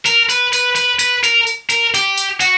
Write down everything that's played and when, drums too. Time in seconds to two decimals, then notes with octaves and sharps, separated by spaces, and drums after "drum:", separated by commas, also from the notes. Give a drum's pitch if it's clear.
0.05 A#4, drum: tambourine
0.29 B4, drum: tambourine
0.53 B4, drum: tambourine
0.75 B4, drum: tambourine
0.99 B4, drum: tambourine
1.24 A#4, drum: tambourine
1.47 drum: tambourine
1.70 A#4, drum: tambourine
1.94 G4, drum: tambourine
2.17 drum: tambourine
2.40 F#4, drum: tambourine